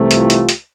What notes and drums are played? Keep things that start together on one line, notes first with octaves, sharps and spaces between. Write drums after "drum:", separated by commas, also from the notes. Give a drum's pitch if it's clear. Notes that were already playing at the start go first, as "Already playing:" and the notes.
Already playing: C2 C3 E3 A3
F4 G4, drum: hi-hat
drum: hi-hat
drum: hi-hat